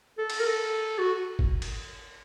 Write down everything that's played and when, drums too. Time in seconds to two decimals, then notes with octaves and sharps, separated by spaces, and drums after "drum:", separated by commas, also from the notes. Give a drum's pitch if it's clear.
0.18 A4
0.30 drum: cymbal
0.40 A#4
0.45 A4
0.99 F#4
1.39 drum: kick
1.62 drum: cymbal